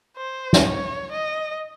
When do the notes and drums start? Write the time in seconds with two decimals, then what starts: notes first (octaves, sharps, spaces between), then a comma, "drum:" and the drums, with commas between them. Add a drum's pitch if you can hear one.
0.17 C5
0.53 drum: snare
0.65 C#5
1.12 D#5